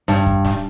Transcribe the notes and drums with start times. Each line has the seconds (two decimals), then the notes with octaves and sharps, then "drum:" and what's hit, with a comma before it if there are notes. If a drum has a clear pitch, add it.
0.08 G2, drum: snare
0.26 drum: kick
0.45 drum: snare